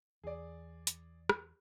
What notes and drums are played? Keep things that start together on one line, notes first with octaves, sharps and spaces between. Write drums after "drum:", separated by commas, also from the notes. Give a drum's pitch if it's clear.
E2 G#4 D5
drum: hi-hat
drum: rim click